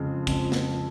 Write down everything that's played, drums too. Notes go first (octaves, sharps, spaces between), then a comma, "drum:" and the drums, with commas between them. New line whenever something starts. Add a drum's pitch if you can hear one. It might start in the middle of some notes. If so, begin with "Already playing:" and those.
Already playing: F2 C#3 F3 G#3
F2 C#3 F3 G#3, drum: kick, hi-hat
drum: snare